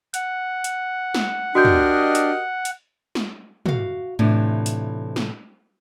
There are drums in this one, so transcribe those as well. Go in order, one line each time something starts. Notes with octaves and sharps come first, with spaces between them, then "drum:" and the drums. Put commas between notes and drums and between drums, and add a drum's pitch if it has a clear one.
F#5, drum: hi-hat
drum: hi-hat
drum: snare
D4 F#4 G4 A#4 D#5 G6
drum: tom
drum: hi-hat
drum: hi-hat
drum: snare
F#4 F5, drum: tom
A2 C3 E3 D4 F4
drum: hi-hat
drum: snare